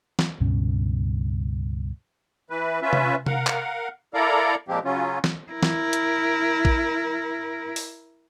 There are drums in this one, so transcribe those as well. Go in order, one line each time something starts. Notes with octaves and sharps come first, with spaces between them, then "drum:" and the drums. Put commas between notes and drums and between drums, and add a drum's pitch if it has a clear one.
drum: snare
C#2 G2 B2 C#4
E3 B4
C#4 F4 B4 E5
drum: tom C3
A#4 F5 F#5, drum: tom C3
drum: clap
E4 A4 A#4 D5 F5 A#5
A#2 F3 G#3 A#3 C4 G4
C#3 F#3 C#4 F4
drum: snare
E4 A#4
drum: snare
drum: hi-hat
drum: kick
drum: open hi-hat